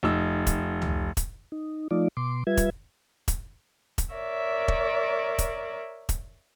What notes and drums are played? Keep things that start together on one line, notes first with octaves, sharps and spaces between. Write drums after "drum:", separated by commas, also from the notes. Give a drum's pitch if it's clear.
F1 D#4 E6
drum: kick E1, hi-hat
drum: tom C#2
drum: kick E1, hi-hat
D#4
F3 A3 D#4 F4 D5
B2 C6 D6
G3 F4 B4 E5 G#6
drum: kick E1, hi-hat
drum: kick E1, hi-hat
drum: kick E1, hi-hat
A#4 C#5 D5 E5
drum: kick E1
drum: kick E1, hi-hat
drum: kick E1, hi-hat